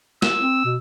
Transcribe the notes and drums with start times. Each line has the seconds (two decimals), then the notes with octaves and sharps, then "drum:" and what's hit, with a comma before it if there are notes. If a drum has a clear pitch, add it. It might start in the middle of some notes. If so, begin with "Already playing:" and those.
0.22 E6, drum: snare
0.41 C4
0.65 B2